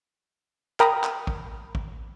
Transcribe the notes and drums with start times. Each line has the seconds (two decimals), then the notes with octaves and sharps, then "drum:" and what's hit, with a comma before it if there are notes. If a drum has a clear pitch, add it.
0.80 A#4 G5 A#5 B5 D#6, drum: clap
1.04 drum: clap
1.27 drum: kick
1.75 drum: kick